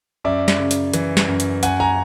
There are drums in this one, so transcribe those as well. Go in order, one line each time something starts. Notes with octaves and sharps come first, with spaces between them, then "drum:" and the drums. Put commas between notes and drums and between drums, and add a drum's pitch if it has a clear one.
F#2 D5 E5
drum: snare
C#3
drum: hi-hat
E3, drum: hi-hat
drum: snare
F#2
drum: hi-hat
F#2 F#5 G#5, drum: hi-hat
G#5 A#5